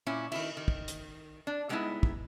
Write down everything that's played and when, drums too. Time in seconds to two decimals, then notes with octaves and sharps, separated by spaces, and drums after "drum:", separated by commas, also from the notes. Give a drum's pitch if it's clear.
0.06 A#2 C#4 E4
0.32 D#3 E4, drum: cymbal
0.57 D#3
0.68 drum: kick
0.88 drum: hi-hat
1.47 D4
1.69 G3 G#3 B3 C4 D#4 E4
2.03 drum: kick